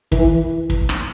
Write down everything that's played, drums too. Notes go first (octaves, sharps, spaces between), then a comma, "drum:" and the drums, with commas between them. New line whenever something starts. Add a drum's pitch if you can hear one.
E3, drum: kick
drum: kick
drum: rim click